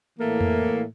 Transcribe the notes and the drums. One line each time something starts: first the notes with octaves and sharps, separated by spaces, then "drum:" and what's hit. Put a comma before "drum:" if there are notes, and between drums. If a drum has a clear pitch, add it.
A2 E3 A3 A#3
drum: tom F2